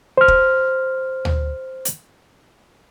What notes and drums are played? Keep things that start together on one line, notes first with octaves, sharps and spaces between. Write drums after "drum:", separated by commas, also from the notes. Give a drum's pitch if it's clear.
C5 F6
drum: kick
drum: tom
drum: hi-hat